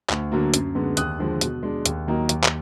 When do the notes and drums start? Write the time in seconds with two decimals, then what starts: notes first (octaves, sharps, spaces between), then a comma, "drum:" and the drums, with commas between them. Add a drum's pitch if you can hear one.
0.09 D2, drum: clap
0.32 D3 F#3 A#3
0.54 F#2, drum: hi-hat
0.75 D3 G#3 B3
0.97 D#2 D#6 F#6, drum: hi-hat
1.19 D3 F3 G#3
1.41 B2, drum: hi-hat
1.63 G#3 D4
1.86 D#2, drum: hi-hat
2.07 D#3 F#3 A#3 D#4
2.29 D#2, drum: hi-hat
2.44 drum: clap